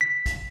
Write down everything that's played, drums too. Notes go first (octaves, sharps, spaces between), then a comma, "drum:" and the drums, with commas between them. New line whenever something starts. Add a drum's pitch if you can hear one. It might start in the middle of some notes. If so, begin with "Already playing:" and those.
B6
drum: kick A#1, hi-hat